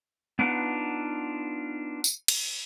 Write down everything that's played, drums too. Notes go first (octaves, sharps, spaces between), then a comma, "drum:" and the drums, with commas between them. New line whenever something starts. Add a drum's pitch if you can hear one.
B3 D4 D#4 F4 B4 F#5
drum: tambourine
drum: cymbal